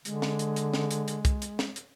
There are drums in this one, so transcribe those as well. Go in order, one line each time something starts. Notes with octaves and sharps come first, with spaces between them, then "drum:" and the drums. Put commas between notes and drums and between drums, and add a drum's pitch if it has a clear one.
D3 G#3, drum: hi-hat
drum: snare
drum: hi-hat
drum: hi-hat
drum: snare
drum: hi-hat
drum: hi-hat
drum: kick, hi-hat
drum: hi-hat
drum: snare
drum: hi-hat